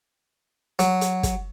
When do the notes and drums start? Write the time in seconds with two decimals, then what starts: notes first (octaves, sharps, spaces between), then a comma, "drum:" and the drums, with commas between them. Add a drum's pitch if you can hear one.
0.79 F#3, drum: hi-hat
1.01 drum: hi-hat
1.23 drum: kick, hi-hat